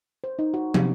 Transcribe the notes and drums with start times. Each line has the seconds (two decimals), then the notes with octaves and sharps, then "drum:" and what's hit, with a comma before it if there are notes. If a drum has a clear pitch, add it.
0.24 C5
0.39 D#4
0.54 F#4
0.74 C3, drum: tom